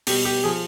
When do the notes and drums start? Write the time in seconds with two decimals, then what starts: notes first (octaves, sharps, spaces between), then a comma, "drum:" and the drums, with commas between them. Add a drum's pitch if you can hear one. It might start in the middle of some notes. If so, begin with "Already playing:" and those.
0.07 B2 G3 G4, drum: open hi-hat
0.25 G4
0.43 F3 G#4